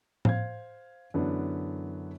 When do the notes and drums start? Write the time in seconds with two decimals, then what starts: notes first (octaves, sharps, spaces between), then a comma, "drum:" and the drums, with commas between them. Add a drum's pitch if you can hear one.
0.25 C5 F5 G#6, drum: tom A2
1.14 F#2 D3 E3 B3 D4